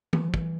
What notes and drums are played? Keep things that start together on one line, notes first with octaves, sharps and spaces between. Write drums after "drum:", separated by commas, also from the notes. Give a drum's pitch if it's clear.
E3, drum: tom
F3
E3, drum: kick